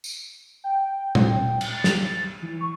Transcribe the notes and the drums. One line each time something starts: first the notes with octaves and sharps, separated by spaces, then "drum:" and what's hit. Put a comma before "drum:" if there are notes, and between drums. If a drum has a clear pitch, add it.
drum: tambourine
G5
drum: tom A#2
drum: cymbal
A6
drum: snare
E3
C#6